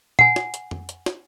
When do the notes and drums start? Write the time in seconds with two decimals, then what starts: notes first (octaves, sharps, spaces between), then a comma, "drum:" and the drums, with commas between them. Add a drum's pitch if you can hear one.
0.19 F#5 G#5, drum: tom A#2
0.36 drum: snare
0.54 drum: hi-hat
0.71 drum: tom F2
0.89 drum: hi-hat
1.06 drum: snare